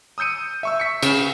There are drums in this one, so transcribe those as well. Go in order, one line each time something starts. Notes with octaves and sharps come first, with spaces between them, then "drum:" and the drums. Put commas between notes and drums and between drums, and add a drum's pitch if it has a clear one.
D#6 E6 G6 C#7 D#7
E5 C#6 E6
B6 C#7
C#3, drum: cymbal